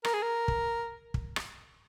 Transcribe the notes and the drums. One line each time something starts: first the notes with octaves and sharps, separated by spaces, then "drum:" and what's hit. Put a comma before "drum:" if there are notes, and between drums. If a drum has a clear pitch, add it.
A#4, drum: rim click
G#4
A#4
drum: kick
drum: kick
drum: rim click